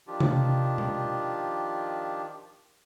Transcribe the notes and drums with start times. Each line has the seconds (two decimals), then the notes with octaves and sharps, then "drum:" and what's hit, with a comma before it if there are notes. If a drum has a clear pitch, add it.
0.07 D#3 F3 D4 F4 G4
0.20 drum: tom C3
0.78 drum: tom B2